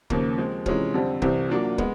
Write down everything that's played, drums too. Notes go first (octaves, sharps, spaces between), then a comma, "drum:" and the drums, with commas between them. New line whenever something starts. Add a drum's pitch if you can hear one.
D#2 C#3 F3 A#3, drum: kick
F3 G#3 C4
C3 E3 G#3 C#4 F4, drum: kick
F2 D3 G3 C4
C2 C3 E3 G3 C4, drum: kick
F#3 A#3 D4 F4
G#3 B3, drum: kick